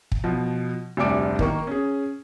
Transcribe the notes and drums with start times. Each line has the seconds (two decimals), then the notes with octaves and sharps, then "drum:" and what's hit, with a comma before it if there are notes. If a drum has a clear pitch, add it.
0.12 drum: kick
0.24 B2 F3
0.97 F1 D2 C3 G3 D6 D7
1.39 D#3 A#3 C#6, drum: kick
1.67 C#4 G#4